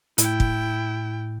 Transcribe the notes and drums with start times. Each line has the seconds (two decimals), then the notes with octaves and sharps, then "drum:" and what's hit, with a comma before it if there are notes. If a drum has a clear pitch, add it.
0.18 A2 E4 G5, drum: hi-hat
0.40 drum: kick